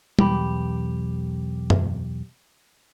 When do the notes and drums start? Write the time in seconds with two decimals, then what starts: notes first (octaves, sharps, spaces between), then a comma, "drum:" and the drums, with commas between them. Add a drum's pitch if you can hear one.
0.19 B1 E2 G4 B5, drum: tom G3
1.70 drum: tom F#2